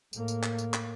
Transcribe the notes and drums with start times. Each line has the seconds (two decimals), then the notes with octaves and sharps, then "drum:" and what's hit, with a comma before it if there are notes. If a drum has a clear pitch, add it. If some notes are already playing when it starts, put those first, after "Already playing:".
0.13 A2 A#3, drum: tambourine
0.28 drum: tambourine
0.43 drum: clap
0.58 drum: tambourine
0.74 drum: clap